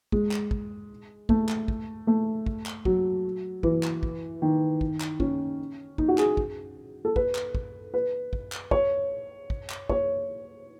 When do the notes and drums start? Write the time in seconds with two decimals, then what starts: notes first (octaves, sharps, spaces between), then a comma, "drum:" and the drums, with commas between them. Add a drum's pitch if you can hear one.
0.12 G#3, drum: kick
0.31 drum: clap
0.51 drum: kick
1.29 A3, drum: kick
1.49 drum: clap
1.68 drum: kick
2.07 A3
2.46 drum: kick
2.66 drum: clap
2.85 F#3, drum: kick
3.63 E3, drum: kick
3.83 drum: clap
4.03 drum: kick
4.42 D#3
4.81 drum: kick
5.01 drum: clap
5.20 C#4, drum: kick
5.98 D#4, drum: kick
6.08 F#4
6.18 G#4, drum: clap
6.37 drum: kick
7.05 A4
7.16 B4, drum: kick
7.35 drum: clap
7.55 drum: kick
7.94 B4
8.33 drum: kick
8.52 drum: clap
8.71 C#5, drum: kick
9.50 drum: kick
9.70 drum: clap
9.89 C#5, drum: kick